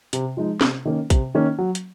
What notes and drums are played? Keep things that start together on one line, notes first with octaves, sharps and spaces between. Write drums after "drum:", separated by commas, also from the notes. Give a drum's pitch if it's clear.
C3, drum: hi-hat
F3 G#3 D#4
C3, drum: snare
D#3 A#3 C#4
C3, drum: kick, hi-hat
D#3 A#3 C#4
F#3
drum: hi-hat